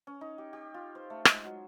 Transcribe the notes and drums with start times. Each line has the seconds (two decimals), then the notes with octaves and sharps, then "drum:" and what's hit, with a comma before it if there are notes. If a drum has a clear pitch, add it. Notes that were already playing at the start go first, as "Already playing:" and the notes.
0.07 C#4
0.21 D#4
0.38 G4
0.53 G4
0.74 F4
0.95 C5
1.10 A3
1.25 G#3, drum: rim click
1.45 F#3